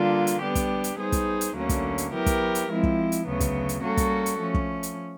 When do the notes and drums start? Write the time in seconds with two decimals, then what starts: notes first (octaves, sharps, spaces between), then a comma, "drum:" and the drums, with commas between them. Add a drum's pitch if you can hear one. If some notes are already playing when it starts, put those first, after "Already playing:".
Already playing: D3 G3 A#3 D4 F4
0.27 drum: hi-hat
0.42 G3 B3 D4 G4
0.55 drum: kick, hi-hat
0.84 drum: hi-hat
0.98 G3 B3 D#4 G#4 C5
1.12 drum: kick, hi-hat
1.41 drum: hi-hat
1.55 D2 D3 F#3 A#3 C#4
1.69 drum: kick, hi-hat
1.98 drum: hi-hat
2.12 F#3 B3 E4 G4 A#4
2.26 drum: kick, hi-hat
2.55 drum: hi-hat
2.69 F3 G#3 C4 E4
2.83 drum: kick
3.12 drum: hi-hat
3.26 D2 C#3 F#3 B3
3.40 drum: kick, hi-hat
3.69 drum: hi-hat
3.83 G3 A#3 C#4 F#4 A4
3.97 drum: kick, hi-hat
4.26 drum: hi-hat
4.40 F3 A3 C#4
4.54 drum: kick
4.83 drum: hi-hat